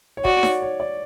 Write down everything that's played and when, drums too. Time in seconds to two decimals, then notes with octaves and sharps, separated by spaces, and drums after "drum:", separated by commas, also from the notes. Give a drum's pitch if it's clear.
0.17 C#5
0.25 F#4 D5, drum: kick
0.43 C#5, drum: snare D#4
0.62 C#5
0.80 D5